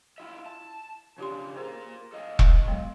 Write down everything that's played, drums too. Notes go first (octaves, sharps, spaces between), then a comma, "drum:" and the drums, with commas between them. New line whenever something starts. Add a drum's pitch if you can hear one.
E4 F4 E5
A5
C#3 D4 F4 G4 C6
F4 G#4 A#4 C5
A4 D#5 F5
drum: kick E1
F#3 G#3 B3